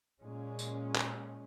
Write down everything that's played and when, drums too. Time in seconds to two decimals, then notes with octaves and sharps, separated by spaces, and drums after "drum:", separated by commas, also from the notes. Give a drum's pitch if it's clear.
0.22 A#2 G#3 C#4
0.59 drum: tambourine
0.96 drum: clap